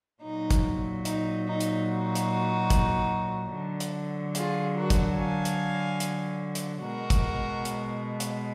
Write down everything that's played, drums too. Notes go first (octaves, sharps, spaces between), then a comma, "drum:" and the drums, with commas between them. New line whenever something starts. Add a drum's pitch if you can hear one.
A#2 F#3 D#4
drum: kick, hi-hat
D#4, drum: hi-hat
D#4
drum: hi-hat
D#4 F#4
drum: hi-hat
drum: kick, hi-hat
D3 F#3
drum: hi-hat
F4 G#4, drum: hi-hat
F#4 A#4
drum: kick, hi-hat
F5 G#5
drum: hi-hat
drum: hi-hat
drum: hi-hat
B2 G#3 F#4 A#4
drum: kick, hi-hat
drum: hi-hat
drum: hi-hat